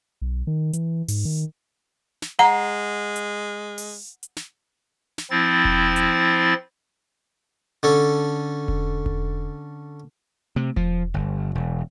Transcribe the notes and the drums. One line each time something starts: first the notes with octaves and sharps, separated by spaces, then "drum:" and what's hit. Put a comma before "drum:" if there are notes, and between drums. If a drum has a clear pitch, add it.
B1
D#3
E3, drum: hi-hat
G#2, drum: open hi-hat
D#3
drum: snare
G#3 F#5 A#5
drum: hi-hat
drum: open hi-hat
drum: hi-hat
drum: snare
drum: snare
F3 C4 E4 A6
drum: kick E1
drum: hi-hat
D3 C#4 A4
drum: kick E1
drum: kick E1
C3, drum: tom A3
F3, drum: kick E1
G1
E1